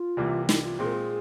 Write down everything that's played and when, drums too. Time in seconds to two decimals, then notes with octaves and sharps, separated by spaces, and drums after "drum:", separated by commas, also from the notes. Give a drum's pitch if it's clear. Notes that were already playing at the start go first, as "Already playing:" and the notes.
Already playing: F4
0.17 C2 C3 E3 G3 A#3
0.49 E4, drum: snare
0.63 F4
0.79 A#2 G#3 C4 G#4
0.86 A#4
0.94 G#4